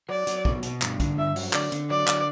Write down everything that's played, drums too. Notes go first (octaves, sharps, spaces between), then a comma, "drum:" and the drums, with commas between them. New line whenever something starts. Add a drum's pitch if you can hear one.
F#3 D5
F#3, drum: hi-hat
B2, drum: kick
B2, drum: hi-hat
G2, drum: clap
D3, drum: kick, hi-hat
G2 E5
F#3, drum: open hi-hat
D3 D5, drum: clap
D3, drum: hi-hat
F#3 D5
D3, drum: clap